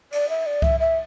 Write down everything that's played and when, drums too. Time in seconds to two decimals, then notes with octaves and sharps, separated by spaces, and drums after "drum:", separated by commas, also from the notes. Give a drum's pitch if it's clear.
0.12 D5, drum: cymbal
0.29 E5
0.46 D5
0.62 E5, drum: kick C2
0.80 E5